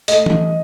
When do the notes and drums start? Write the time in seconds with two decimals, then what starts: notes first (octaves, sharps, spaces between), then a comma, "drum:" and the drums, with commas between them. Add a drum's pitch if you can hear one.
0.08 A3 D#5, drum: hi-hat
0.26 drum: tom